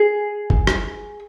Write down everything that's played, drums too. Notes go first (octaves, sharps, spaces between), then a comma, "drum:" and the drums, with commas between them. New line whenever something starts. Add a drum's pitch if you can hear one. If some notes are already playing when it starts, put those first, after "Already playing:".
Already playing: G#4
drum: kick G1
drum: rim click